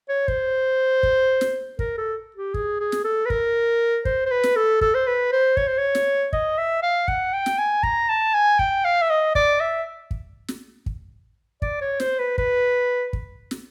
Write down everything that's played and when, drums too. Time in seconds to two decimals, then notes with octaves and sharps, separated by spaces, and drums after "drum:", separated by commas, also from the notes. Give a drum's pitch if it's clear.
0.09 C#5
0.28 C5, drum: kick
1.03 drum: kick
1.41 drum: snare
1.79 A#4, drum: kick
1.98 A4
2.36 G4
2.54 G#4, drum: kick
2.80 G#4
2.92 drum: snare
3.04 A4
3.26 B4
3.30 A#4, drum: kick
4.05 C5, drum: kick
4.26 C5
4.31 B4
4.43 drum: snare
4.56 A4
4.81 A4, drum: kick
4.94 C5
5.07 B4
5.32 C5
5.57 C#5, drum: kick
5.67 C5
5.78 C#5
5.95 drum: snare
6.33 D#5, drum: kick
6.58 E5
6.83 F5
7.08 F#5, drum: kick
7.33 G5
7.46 drum: snare
7.58 G#5
7.83 A#5, drum: kick
8.09 A5
8.34 G#5
8.59 G5, drum: kick
8.85 F5
9.02 E5
9.10 D#5
9.35 D5, drum: kick
9.60 E5
10.11 drum: kick
10.48 drum: snare
10.86 drum: kick
11.62 D5, drum: kick
11.81 C#5
12.00 C5, drum: snare
12.19 B4
12.38 B4, drum: kick
13.13 drum: kick
13.51 drum: snare